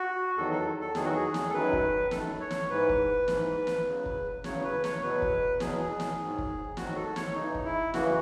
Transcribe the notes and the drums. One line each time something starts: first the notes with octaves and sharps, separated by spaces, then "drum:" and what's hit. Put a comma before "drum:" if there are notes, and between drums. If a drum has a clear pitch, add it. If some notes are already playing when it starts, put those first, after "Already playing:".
Already playing: F#4
E2 D#3 F#3 A4
A4
A4
E2 D#3 F#3 G#4, drum: snare
F#4
G#4
drum: snare
A4
F#2 D#3 F#3 B4
drum: kick
F#2 D#3 F#3 A4, drum: snare
C#5
drum: snare
G#2 E3 B4
drum: kick
G#2 E3, drum: snare
drum: snare
E2 C#3 F#3
drum: kick
E2 C#3 F#3 C#5, drum: snare
B4
C#5, drum: snare
E2 B2 F#3 B4
drum: kick
E2 B2 F#3 G#4, drum: snare
drum: snare
G#2 D#3 F#3
drum: kick
G#2 D#3 F#3 F#4, drum: snare
A4
C#5, drum: snare
F#2 C#3 E3 D#4
drum: kick
E4
F#2 C#3 E3 F#4, drum: snare